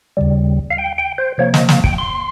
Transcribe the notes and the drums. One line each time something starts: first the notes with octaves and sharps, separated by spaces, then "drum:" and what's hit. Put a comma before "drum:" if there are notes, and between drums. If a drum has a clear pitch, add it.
D#2 C#3 G3
F5
G5
G5
C5
C3 F3 A#3 C#5
D#5, drum: snare
F5, drum: snare
G5, drum: kick
C6